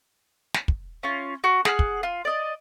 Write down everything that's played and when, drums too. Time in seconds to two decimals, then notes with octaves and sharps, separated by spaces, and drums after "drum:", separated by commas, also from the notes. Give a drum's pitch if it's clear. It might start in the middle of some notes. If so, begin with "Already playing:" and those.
0.54 drum: snare
0.68 drum: kick
1.03 C#4 F4
1.44 F#4
1.65 G#4 F#5 F6, drum: snare
1.79 drum: kick
2.03 F4
2.25 D5 D#5